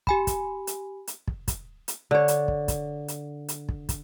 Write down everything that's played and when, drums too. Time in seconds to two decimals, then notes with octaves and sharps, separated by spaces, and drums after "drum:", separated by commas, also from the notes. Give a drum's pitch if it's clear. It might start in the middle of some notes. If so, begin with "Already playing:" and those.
0.07 G4 G#5 B5, drum: kick
0.27 drum: kick, hi-hat
0.67 drum: hi-hat
1.07 drum: hi-hat
1.28 drum: kick
1.48 drum: kick, hi-hat
1.88 drum: hi-hat
2.11 D3 C#5
2.28 drum: hi-hat
2.48 drum: kick
2.68 drum: kick, hi-hat
3.08 drum: hi-hat
3.49 drum: hi-hat
3.69 drum: kick
3.89 drum: kick, hi-hat